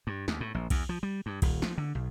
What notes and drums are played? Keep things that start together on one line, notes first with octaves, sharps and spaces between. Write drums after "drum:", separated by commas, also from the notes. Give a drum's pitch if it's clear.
G2
D#2, drum: snare
A2
A#1
E2, drum: kick B1, cymbal
F3
G3
G2
D#1, drum: kick B1, cymbal
F3, drum: snare
D3
B1